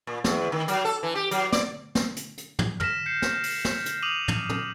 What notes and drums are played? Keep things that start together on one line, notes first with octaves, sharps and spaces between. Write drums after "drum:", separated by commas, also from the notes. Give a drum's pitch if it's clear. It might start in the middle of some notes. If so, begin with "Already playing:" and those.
A#2
E2, drum: snare
D#3
F#3, drum: hi-hat
A4
E3
G4
F#3, drum: hi-hat
D5, drum: snare
drum: snare
drum: hi-hat
drum: hi-hat
drum: tom
F6 A#6 B6 E7, drum: tom
G6 C7 C#7
drum: snare
drum: open hi-hat
drum: snare
drum: hi-hat
D6 D#6 D#7 F7 F#7
drum: tom
drum: tom